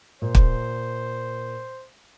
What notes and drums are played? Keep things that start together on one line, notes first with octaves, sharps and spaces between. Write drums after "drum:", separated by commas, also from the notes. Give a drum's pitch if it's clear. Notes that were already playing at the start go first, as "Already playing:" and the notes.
A#2 C5
drum: kick